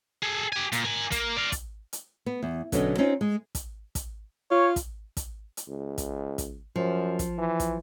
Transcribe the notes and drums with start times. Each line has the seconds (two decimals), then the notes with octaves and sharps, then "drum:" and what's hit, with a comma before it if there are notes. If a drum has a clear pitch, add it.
0.22 G#4 A4
0.52 G4 G#5
0.72 A#2, drum: hi-hat
0.85 A#4 G#5
1.12 A#3, drum: kick, hi-hat
1.37 D5 F5
1.52 drum: kick, hi-hat
1.93 drum: hi-hat
2.26 B3
2.43 E2
2.72 B2 D3 F#3 B3 C#4 D#5, drum: kick, hi-hat
2.98 C4 C#4 D#4 F4
3.21 G#3
3.55 drum: kick, hi-hat
3.95 drum: kick, hi-hat
4.51 F4 C#5
4.76 drum: kick, hi-hat
5.17 drum: kick, hi-hat
5.57 drum: hi-hat
5.69 C#2
5.98 drum: kick, hi-hat
6.38 drum: kick, hi-hat
6.76 F#2 F3
7.19 drum: kick, hi-hat
7.38 E3
7.60 drum: kick, hi-hat